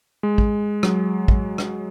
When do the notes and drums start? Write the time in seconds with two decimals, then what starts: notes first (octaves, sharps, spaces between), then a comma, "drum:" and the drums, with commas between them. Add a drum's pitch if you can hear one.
0.23 G#3
0.38 drum: kick
0.83 F#3, drum: rim click
1.28 drum: kick
1.58 drum: rim click